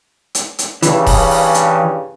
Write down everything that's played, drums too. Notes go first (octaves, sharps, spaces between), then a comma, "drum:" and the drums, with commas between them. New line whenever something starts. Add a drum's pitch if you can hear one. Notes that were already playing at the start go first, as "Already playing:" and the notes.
drum: hi-hat
drum: hi-hat
G2 C#3 E3, drum: hi-hat
drum: kick E1, open hi-hat
drum: open hi-hat
drum: hi-hat